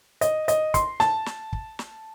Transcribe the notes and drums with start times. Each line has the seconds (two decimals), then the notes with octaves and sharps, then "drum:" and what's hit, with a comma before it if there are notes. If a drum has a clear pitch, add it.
0.21 D#5, drum: hi-hat
0.48 D#5, drum: hi-hat
0.74 C6, drum: kick, hi-hat
1.00 A5, drum: snare
1.26 drum: snare
1.53 drum: kick
1.79 drum: snare